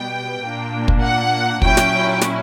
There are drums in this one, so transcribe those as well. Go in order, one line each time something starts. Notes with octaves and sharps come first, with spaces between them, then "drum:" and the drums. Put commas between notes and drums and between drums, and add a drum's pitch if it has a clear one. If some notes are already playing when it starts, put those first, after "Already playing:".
Already playing: B2 G3 B3 G5
A#2 A#3 D4
drum: kick
F#5
A#2 F#3 C#4 E4 G5, drum: kick
drum: snare
drum: snare